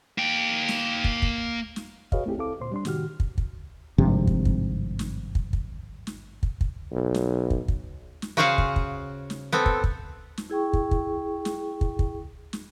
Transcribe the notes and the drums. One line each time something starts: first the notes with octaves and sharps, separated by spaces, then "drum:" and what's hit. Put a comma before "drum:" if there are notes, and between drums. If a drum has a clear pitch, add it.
A#3 G5
drum: snare
drum: kick
drum: kick
drum: snare
F#4 G#4 B4 C#5 D#5 F5, drum: kick
A3 C4 E4 G4 G#4
C#2 C4 E4 A4 F5 D6
D2 A#2 C5 C6
G3 D4 C6
A2 C3 D#3 F#4 G4 F6, drum: snare
drum: kick
drum: kick
G#1 G2 C3 F3
drum: kick
drum: kick
drum: snare
drum: kick
drum: kick
drum: snare
drum: kick
drum: kick
B1
drum: snare
drum: kick
drum: kick
drum: snare
C#3 F#4 G#4 C5 F5 F#5
drum: kick
drum: kick
drum: snare
B3 C4 A4
drum: kick
drum: kick
drum: snare
E4 G#4 G5 C#6
drum: kick
drum: kick
drum: snare
drum: kick
drum: kick
drum: snare